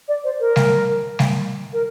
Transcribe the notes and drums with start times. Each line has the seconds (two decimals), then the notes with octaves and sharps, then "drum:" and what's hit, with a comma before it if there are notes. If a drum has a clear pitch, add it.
0.08 D5
0.24 C5
0.40 A#4
0.56 drum: snare G3
1.19 drum: snare G3
1.73 A#4